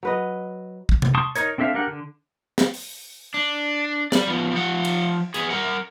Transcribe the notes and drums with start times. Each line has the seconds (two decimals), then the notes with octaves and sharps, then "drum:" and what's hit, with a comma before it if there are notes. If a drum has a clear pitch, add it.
0.03 F#3 B4 D#5
0.89 drum: kick
1.02 drum: tom C3
1.15 A5 C6 C#6 D#6
1.36 D#4 A#4 C#5, drum: hi-hat
1.58 C4 D4 A4 E5 F5
1.75 D4 G4 A#4 F#5
1.87 D3
2.58 drum: snare
2.74 drum: open hi-hat
3.34 D4
4.12 D5 B5, drum: snare
4.28 F3 B3
4.52 F3 F#5
4.85 drum: cymbal
5.34 B3 G#4, drum: hi-hat
5.50 A#4 F#5